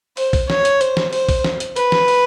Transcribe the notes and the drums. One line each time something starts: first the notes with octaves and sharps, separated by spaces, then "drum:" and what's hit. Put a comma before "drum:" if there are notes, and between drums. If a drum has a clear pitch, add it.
C5, drum: open hi-hat
drum: kick, open hi-hat
C#5, drum: snare
drum: hi-hat
C5, drum: hi-hat
drum: snare
C5, drum: open hi-hat
drum: kick, open hi-hat
drum: snare
drum: hi-hat
B4, drum: hi-hat
drum: snare
drum: open hi-hat